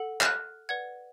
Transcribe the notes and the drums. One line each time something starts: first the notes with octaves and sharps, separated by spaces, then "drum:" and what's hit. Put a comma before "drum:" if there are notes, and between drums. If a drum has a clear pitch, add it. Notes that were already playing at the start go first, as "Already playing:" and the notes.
Already playing: A4 F#5
F6, drum: clap
F#6
B4 D5 F#5 G#6